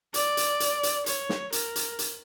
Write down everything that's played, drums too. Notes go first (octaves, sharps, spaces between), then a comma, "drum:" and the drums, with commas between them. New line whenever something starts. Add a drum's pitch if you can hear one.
D5, drum: hi-hat
drum: hi-hat
drum: hi-hat
drum: hi-hat
C#5, drum: hi-hat
drum: snare
A#4, drum: hi-hat
drum: hi-hat
drum: hi-hat